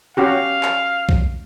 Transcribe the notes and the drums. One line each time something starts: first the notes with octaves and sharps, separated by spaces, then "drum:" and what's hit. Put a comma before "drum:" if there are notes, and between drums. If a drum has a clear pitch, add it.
C#4 F#4 G4 F5
drum: clap
drum: kick B1